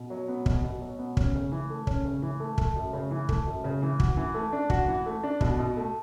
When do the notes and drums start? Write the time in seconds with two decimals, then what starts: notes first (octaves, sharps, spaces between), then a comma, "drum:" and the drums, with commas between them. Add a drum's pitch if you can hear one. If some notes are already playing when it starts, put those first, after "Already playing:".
Already playing: B2
0.10 F#3
0.28 B3
0.46 B2, drum: kick
0.64 B2
0.81 F#3
0.98 B3
1.17 C#4, drum: kick
1.35 C#3
1.52 E3
1.70 A3
1.87 C#4, drum: kick
2.05 C#3
2.22 E3
2.40 A3
2.58 A3, drum: kick
2.76 F#2
2.93 C#3
3.11 E3
3.29 A3, drum: kick
3.47 F#2
3.64 C#3
3.82 E3
4.00 F#4, drum: kick
4.17 E3
4.34 A3
4.53 D4
4.70 F#4, drum: kick
4.87 E3
5.06 A3
5.23 D4
5.41 B2, drum: kick
5.59 B2
5.76 A3